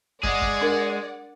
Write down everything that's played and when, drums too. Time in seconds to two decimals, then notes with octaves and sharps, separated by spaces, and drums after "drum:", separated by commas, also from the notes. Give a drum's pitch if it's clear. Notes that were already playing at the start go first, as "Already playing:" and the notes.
0.23 G#3 G#4 D5 F#5, drum: kick
0.42 drum: kick
0.61 D4 A#4